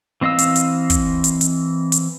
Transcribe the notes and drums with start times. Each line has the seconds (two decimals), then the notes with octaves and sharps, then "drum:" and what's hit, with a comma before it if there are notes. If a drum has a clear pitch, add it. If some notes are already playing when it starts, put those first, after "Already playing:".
0.21 E3 C4 D#5 F5 E6
0.39 drum: hi-hat
0.56 drum: hi-hat
0.90 drum: kick, hi-hat
1.24 drum: hi-hat
1.41 drum: hi-hat
1.92 drum: hi-hat